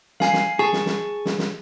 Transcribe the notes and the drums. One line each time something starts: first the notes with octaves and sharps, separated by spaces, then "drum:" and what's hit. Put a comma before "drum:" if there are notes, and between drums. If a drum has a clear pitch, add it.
F5 G#5 C7, drum: snare
drum: snare
G#4 A5 C#6
drum: snare
drum: snare
drum: snare
drum: snare